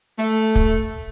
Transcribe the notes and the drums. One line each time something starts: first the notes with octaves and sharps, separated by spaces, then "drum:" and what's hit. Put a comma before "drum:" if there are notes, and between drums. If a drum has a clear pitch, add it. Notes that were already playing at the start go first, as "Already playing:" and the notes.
A3
drum: kick